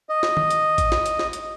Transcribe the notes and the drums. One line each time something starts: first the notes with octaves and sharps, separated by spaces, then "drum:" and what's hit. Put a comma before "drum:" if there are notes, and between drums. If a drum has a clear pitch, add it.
D#5
drum: snare
drum: tom
drum: hi-hat
drum: kick, hi-hat
drum: snare
drum: hi-hat
drum: snare
drum: hi-hat